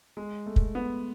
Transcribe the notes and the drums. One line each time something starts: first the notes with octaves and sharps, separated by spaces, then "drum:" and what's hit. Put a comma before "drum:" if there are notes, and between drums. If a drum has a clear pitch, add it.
G#3
A3
drum: kick
B3